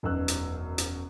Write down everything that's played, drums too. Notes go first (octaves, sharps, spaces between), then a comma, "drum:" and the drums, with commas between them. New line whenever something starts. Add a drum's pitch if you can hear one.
E1 F#2 D#4 B4 E6 F#6
drum: hi-hat
drum: hi-hat